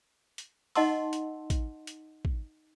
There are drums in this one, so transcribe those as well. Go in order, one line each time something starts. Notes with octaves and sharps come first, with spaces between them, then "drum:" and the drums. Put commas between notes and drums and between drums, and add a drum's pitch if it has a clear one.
drum: hi-hat
D#4 D#5 F#5 A5 C6 E6, drum: open hi-hat
drum: hi-hat
drum: kick, hi-hat
drum: hi-hat
drum: kick